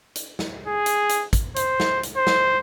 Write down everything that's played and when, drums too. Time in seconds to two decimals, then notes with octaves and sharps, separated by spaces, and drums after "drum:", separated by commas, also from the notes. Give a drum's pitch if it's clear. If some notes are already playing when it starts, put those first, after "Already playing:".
0.16 drum: hi-hat
0.39 drum: snare
0.67 G#4
0.86 drum: hi-hat
1.09 drum: hi-hat
1.33 drum: kick, hi-hat
1.56 C5, drum: hi-hat
1.80 drum: snare
2.03 drum: hi-hat
2.17 C5
2.27 drum: snare